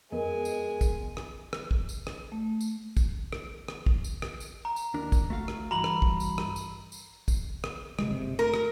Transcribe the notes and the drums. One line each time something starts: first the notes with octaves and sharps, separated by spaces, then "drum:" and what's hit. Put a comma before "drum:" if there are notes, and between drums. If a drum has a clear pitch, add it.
F2 G#3 B3 A#4 D#5 G#5
drum: tambourine
drum: kick, tambourine
drum: rim click
drum: rim click
drum: kick
drum: tambourine
drum: rim click
A3
drum: tambourine
drum: kick, tambourine
drum: rim click
drum: rim click
drum: kick
drum: tambourine
drum: rim click
drum: tambourine
A#5
drum: tambourine
D#2 D4 A#4
drum: kick, tambourine
A3 F#4 F5
drum: rim click
G2 E3 F#4 A#5 B5 F#7
drum: rim click
drum: kick
drum: tambourine
drum: rim click
drum: tambourine
drum: tambourine
drum: kick, tambourine
drum: rim click
C3 G#3, drum: rim click
F#1 C3
A3 A#4
drum: rim click